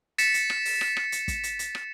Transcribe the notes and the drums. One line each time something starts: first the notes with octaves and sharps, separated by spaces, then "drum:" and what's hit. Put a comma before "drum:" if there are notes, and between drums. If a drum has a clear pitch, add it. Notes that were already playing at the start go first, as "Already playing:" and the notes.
A6 B6 C#7 E7, drum: hi-hat
drum: hi-hat
drum: rim click
drum: open hi-hat
drum: rim click
drum: rim click
drum: hi-hat
drum: kick, hi-hat
drum: hi-hat
drum: hi-hat
drum: rim click